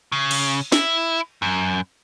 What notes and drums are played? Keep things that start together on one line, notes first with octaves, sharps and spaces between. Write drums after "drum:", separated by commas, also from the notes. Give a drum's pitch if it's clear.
C#3
drum: cymbal
E4, drum: snare
F#2